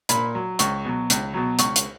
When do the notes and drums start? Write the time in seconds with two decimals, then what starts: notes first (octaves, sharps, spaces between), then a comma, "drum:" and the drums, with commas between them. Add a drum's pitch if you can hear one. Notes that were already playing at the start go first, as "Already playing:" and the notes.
0.09 A#2 B5, drum: hi-hat
0.35 F#3
0.59 C#2 C#6, drum: hi-hat
0.85 B2 F#3
1.10 C#2, drum: hi-hat
1.34 B2 F#3
1.59 C#2 C#6, drum: hi-hat
1.76 drum: hi-hat